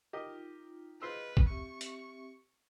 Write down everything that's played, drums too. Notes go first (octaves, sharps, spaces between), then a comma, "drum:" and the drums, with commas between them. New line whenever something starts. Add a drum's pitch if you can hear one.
D#4 F4 G4 A#4 D#5
F4 G#4 B4 C5 D#5 E6
drum: kick G#1
C4 G4 E5 C#6
drum: hi-hat